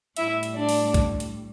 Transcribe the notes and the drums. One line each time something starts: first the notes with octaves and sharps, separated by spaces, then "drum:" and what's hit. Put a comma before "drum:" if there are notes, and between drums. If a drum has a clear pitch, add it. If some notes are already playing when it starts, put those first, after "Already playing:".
A2 G3 E4 E5, drum: hi-hat
drum: hi-hat
D4 D5
drum: open hi-hat
drum: kick B1, hi-hat
drum: hi-hat